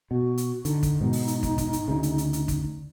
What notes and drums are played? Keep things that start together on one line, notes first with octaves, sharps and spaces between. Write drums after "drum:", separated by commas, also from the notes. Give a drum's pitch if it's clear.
B2 F#4
drum: hi-hat
D3 D#4, drum: hi-hat
drum: kick, hi-hat
G#2 B2
drum: open hi-hat
drum: hi-hat
drum: kick, hi-hat
drum: kick, hi-hat
drum: hi-hat
D2 C#3
drum: hi-hat
drum: hi-hat
drum: hi-hat
drum: kick, hi-hat